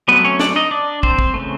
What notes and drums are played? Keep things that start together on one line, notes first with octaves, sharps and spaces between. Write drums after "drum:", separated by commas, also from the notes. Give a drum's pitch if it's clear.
F#3 A3 B3 C4 B4
C#4 C#5
D4 D5, drum: snare
D#4 D#5
D4 D5
C4 C5, drum: kick
drum: kick
C#3 E3 A3